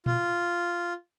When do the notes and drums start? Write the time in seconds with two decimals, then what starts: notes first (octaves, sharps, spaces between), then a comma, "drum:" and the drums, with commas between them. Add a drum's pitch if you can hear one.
0.06 F4, drum: tom A#2